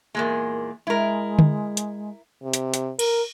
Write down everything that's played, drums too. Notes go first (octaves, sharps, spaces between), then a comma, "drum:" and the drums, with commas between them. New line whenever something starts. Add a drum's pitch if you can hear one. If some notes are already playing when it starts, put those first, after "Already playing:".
E2 A#2 G#3 A#3
G#3 E4 A#4
drum: tom D3
drum: hi-hat
C3
drum: hi-hat
drum: hi-hat
A#4, drum: cymbal